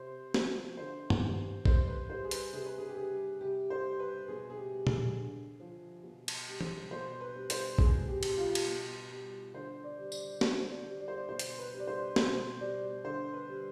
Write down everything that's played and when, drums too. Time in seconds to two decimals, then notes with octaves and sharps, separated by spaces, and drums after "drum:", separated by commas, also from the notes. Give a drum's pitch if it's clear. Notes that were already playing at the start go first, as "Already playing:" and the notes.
Already playing: C3 C5
0.34 F3, drum: snare
0.77 D3 C5
1.10 drum: tom
1.22 G3
1.65 C3 C5, drum: kick
1.87 B4
2.09 G3 C5
2.24 G#4
2.31 B4, drum: hi-hat
2.53 C3 G#4
2.65 B4
2.78 G#4
2.89 G4
2.97 G3 G#4
3.41 C3 G4
3.70 C5
3.85 G3
3.99 B4
4.28 B2 G#4
4.50 G#4
4.57 G4
4.72 G3
4.87 G#4, drum: tom A#2
5.16 D3
5.60 F3
6.03 B2
6.28 drum: cymbal
6.48 G3
6.61 drum: tom E3
6.91 B2 C5
7.21 B4
7.35 G3
7.50 C5, drum: hi-hat
7.79 B2 G#4, drum: kick
8.08 G4
8.23 G3, drum: cymbal
8.32 G4
8.37 F4
8.55 drum: cymbal
8.67 B2
9.10 G3
9.53 D3 C5
9.84 D5
9.98 G3
10.12 D5, drum: tambourine
10.41 D3 C5, drum: snare
10.70 D5
10.85 G3
11.00 D5
11.08 C5
11.15 D5
11.29 B2 C5
11.39 drum: hi-hat
11.58 B4
11.73 G3
11.79 D5
11.87 C5
12.16 B2 C5, drum: snare
12.60 G3 D5
13.04 D3 C5
13.33 B4
13.48 G3